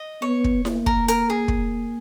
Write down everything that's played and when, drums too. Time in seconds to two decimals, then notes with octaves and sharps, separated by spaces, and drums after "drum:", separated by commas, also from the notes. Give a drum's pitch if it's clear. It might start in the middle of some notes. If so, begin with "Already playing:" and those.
Already playing: D#5
0.22 B3 C#5
0.44 drum: kick
0.65 A#3, drum: snare E4
0.86 A#4, drum: kick
1.08 A#4, drum: hi-hat
1.30 G#4
1.48 drum: kick